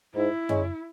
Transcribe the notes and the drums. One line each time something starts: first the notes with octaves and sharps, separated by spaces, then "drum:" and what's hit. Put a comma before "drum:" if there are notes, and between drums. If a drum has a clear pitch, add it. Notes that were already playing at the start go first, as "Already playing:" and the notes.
G#2 E4
G#3 C#4, drum: tom F#2